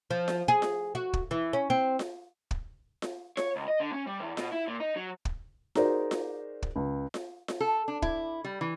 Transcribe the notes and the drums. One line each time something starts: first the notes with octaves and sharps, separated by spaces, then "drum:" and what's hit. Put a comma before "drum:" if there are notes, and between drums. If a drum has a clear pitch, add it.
F3
drum: snare F4
G#4
drum: snare F4
F#4
drum: kick
E3
C#4
C4
drum: snare F4
drum: kick
drum: snare F4
C#5, drum: snare F4
C#2
D#5
D3
C#4
G3
E2
B2, drum: snare F4
E4
A#2
D#4
F#3
drum: kick
D#4 F#4 G#4 A#4 C5 D5, drum: snare F4
drum: snare F4
drum: kick
C#2
drum: snare F4
drum: snare F4
A4
D4
E4, drum: kick
G3
E3